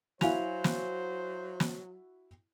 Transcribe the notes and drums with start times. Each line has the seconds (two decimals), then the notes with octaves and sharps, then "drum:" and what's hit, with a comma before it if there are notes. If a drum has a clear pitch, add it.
0.21 F#3 E4 F#4 C5 F5 G#5 F7, drum: snare
0.64 drum: snare
1.60 drum: snare